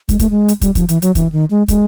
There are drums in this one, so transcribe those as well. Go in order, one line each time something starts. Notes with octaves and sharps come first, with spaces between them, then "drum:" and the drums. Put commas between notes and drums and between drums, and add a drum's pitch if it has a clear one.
G#3, drum: kick, hi-hat
A3, drum: kick, hi-hat
G#3
drum: hi-hat
G3, drum: kick, hi-hat
F3, drum: kick, hi-hat
E3, drum: hi-hat
F#3, drum: hi-hat
E3, drum: kick, hi-hat
D#3
G#3
G#3, drum: kick, hi-hat